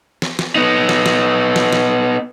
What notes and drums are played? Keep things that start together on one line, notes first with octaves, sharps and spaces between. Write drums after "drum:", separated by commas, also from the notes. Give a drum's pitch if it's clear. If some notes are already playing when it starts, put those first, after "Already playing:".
drum: snare
drum: snare
B3 D#4
drum: snare
drum: snare
drum: snare
drum: snare